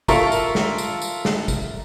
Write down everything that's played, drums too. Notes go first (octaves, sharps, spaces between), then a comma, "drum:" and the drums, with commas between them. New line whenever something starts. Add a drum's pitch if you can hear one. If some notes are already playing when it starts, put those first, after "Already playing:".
F4 A4 A#4 E5 A#5 C#6, drum: kick, tambourine
drum: tambourine
drum: snare
drum: tambourine
drum: tambourine
drum: snare
drum: kick, tambourine